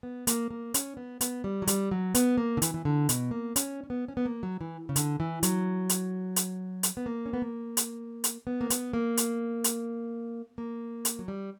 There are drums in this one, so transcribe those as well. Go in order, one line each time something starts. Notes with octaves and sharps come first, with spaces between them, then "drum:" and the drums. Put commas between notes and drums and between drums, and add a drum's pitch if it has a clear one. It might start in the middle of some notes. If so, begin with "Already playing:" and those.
B3
A#3, drum: hi-hat
A#3
C#4, drum: hi-hat
B3
B3, drum: hi-hat
G3
F#3
G3, drum: hi-hat
F#3
B3, drum: hi-hat
A#3
D3
E3, drum: hi-hat
E3
D3
B2, drum: hi-hat
A#3
C#4, drum: hi-hat
C#4
B3
C#4
B3
A#3
F#3
E3
C#3
D3, drum: hi-hat
E3
F#3, drum: hi-hat
drum: hi-hat
drum: hi-hat
drum: hi-hat
B3
A#3
C#4
B3
A#3
drum: hi-hat
drum: hi-hat
B3
A#3
B3, drum: hi-hat
A#3
drum: hi-hat
drum: hi-hat
A#3
drum: hi-hat
F#3
G3